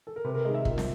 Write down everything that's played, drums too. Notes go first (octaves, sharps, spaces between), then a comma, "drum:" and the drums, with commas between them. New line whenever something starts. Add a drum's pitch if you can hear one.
A4
A#4
C3 B4
A#4
D#3 G#3 D#5
E5
A#2, drum: kick
drum: snare